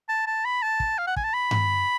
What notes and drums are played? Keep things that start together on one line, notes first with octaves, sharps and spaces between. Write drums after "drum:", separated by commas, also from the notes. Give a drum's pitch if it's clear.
A5
A5
B5
A5
drum: kick
F5
F#5
G#5, drum: kick
A5
B5
drum: tom G2